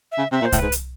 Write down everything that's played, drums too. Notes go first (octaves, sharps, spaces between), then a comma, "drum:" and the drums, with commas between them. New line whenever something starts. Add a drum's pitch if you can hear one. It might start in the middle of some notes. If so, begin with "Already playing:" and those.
E5
C#3
C3 E5
A#2
C5
A2, drum: kick C2, hi-hat
G#2 B4
drum: hi-hat